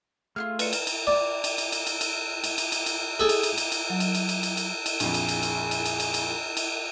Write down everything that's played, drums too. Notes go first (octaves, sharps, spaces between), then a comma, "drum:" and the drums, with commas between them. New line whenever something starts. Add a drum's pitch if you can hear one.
A3 F4 F#4 G#4 F6
B4 D5 C#7, drum: cymbal
drum: cymbal
drum: cymbal
D5
drum: cymbal
drum: cymbal
drum: cymbal
drum: cymbal
drum: cymbal
drum: cymbal
drum: cymbal
drum: cymbal
drum: cymbal
G#4 A4
drum: cymbal
drum: cymbal
drum: cymbal
drum: cymbal
F#3
drum: cymbal
drum: cymbal
drum: cymbal
drum: cymbal
drum: cymbal
drum: cymbal
A#1 F2 G#4, drum: cymbal
drum: cymbal
drum: cymbal
drum: cymbal
drum: cymbal
drum: cymbal
drum: cymbal
drum: cymbal
drum: cymbal